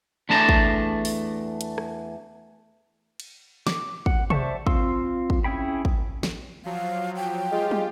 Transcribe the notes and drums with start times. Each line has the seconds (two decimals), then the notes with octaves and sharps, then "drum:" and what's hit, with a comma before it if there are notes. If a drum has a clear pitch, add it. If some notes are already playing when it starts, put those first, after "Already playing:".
0.29 E2 A3 D4 A5 A#5
0.49 drum: kick
1.05 drum: open hi-hat
1.61 drum: hi-hat
1.78 drum: rim click
3.20 drum: cymbal
3.67 D6, drum: snare
4.06 F#5, drum: kick
4.30 C5 D5 E5 A5 C#6, drum: tom C3
4.67 C4 F4 F5 C6 E6, drum: kick
5.30 drum: kick
5.44 C#4 E4 G#4 G5 B5
5.85 drum: kick
6.23 drum: snare
6.65 F3 F#3 F5
7.16 G5
7.52 G#3 F4 G4
7.71 drum: tom